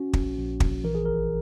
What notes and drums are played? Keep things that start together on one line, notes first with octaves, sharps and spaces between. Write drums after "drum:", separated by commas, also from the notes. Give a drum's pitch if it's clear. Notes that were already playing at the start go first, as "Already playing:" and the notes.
Already playing: C#4 F#4
A#1, drum: kick
A#1
A#1, drum: kick
E3 A#4
G#4
G#1 A#4